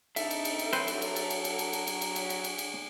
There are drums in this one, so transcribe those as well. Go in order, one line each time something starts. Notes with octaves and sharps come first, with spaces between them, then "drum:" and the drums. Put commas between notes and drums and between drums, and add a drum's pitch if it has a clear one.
C#3 C4 D#4 A4 E5, drum: cymbal
drum: cymbal
drum: cymbal
drum: cymbal
F#3 C4 B4 C5, drum: cymbal
drum: cymbal
drum: cymbal
drum: cymbal
drum: cymbal
drum: cymbal
drum: cymbal
drum: cymbal
drum: cymbal
drum: cymbal
drum: cymbal
drum: cymbal
drum: cymbal
drum: cymbal